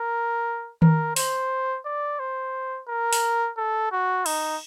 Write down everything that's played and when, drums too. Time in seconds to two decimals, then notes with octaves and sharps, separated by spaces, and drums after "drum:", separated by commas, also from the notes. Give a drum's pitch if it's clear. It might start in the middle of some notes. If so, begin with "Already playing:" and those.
Already playing: A#4
0.82 A#4, drum: tom D#3
1.16 C5, drum: open hi-hat
1.85 D5
2.19 C5
2.88 A#4
3.13 drum: open hi-hat
3.57 A4
3.92 F#4
4.26 D#4, drum: cymbal